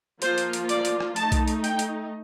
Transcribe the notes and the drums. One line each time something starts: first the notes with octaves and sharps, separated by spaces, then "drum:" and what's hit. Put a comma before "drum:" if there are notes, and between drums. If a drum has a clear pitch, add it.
F3 A#3 F4 C5, drum: hi-hat
drum: hi-hat
drum: hi-hat
D5, drum: hi-hat
drum: hi-hat
drum: rim click
A3 D#4 A5, drum: hi-hat
drum: kick B1, hi-hat
drum: hi-hat
G5, drum: hi-hat
drum: hi-hat